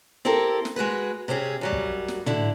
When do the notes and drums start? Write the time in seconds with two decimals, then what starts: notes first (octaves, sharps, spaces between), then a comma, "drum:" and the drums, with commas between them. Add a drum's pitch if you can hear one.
0.25 C4 E4 G4 A4 A#4
0.65 drum: snare
0.76 G#3 F#4 G#4 B4
1.28 C3 C4 C#4 G#4
1.61 F#2 F#3 G3
1.73 drum: kick
2.08 drum: snare
2.26 D3 E4 D5, drum: tom